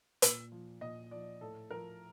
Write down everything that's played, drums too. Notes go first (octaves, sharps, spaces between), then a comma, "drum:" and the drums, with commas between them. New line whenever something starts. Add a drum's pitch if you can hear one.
A#2, drum: hi-hat
F3
A#2 D#5
F3 D5
A2 A4
F3 A#4